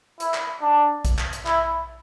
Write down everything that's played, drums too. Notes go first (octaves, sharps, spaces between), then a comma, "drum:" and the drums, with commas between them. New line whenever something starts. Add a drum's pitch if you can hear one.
E4, drum: hi-hat
drum: clap
D4
drum: kick, hi-hat
drum: clap
drum: hi-hat
E4, drum: clap